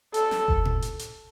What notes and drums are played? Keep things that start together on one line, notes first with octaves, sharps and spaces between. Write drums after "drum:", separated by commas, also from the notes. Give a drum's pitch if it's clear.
A4, drum: hi-hat
drum: snare
drum: kick F#1
drum: tom A2
drum: hi-hat
drum: hi-hat